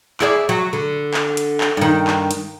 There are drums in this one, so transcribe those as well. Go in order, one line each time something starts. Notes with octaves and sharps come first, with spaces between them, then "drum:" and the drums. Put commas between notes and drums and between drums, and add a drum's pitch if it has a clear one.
E4 G#4 D5, drum: clap
F#3
D3
drum: clap
drum: hi-hat
drum: clap
G2 D#3
drum: clap
drum: hi-hat